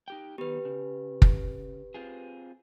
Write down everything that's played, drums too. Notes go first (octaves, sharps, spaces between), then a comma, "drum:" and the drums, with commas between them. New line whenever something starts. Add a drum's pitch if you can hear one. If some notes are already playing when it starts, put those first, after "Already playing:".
D#4 G4 G5
D#3 F#3 B3 G4 B4
C#3
drum: kick
C4 F4 G#4